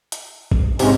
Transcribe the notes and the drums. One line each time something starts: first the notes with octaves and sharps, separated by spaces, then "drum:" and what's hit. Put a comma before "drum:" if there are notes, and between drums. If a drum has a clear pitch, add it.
drum: hi-hat
drum: kick A1
G#2 C3 G#3 C#4, drum: open hi-hat